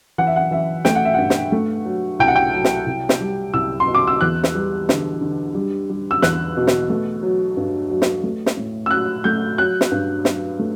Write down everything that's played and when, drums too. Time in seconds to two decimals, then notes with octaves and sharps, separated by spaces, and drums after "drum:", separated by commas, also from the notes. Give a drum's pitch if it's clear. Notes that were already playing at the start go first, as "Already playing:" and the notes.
0.18 E3 F#5
0.27 E5
0.36 F#5
0.51 E3 E5
0.85 A3 G5, drum: snare
0.95 F#5
1.05 E5
1.14 G2 F#5
1.30 drum: snare
1.52 A3
1.85 F#3
2.19 C2 G5
2.28 F#5
2.36 G5
2.53 F#3
2.64 drum: snare
2.86 C2
3.09 drum: snare
3.21 G3
3.54 C2 E6
3.80 C6
3.87 B2
3.95 D6
4.07 E6
4.21 E2 F#6
4.43 drum: snare
4.55 G3
4.89 D3, drum: snare
5.21 D3
5.55 G3
5.90 G3
6.11 E6
6.22 E2 F#6, drum: snare
6.56 B2
6.67 drum: snare
6.90 A3
7.23 F#3
7.57 G2
7.90 F#3
8.02 drum: snare
8.24 A3
8.46 drum: snare
8.57 A2
8.86 E6
8.91 F#3 F#6
9.24 A3 G6
9.58 F#3 F#6
9.81 drum: snare
9.92 G2
10.25 F#3, drum: snare
10.59 A3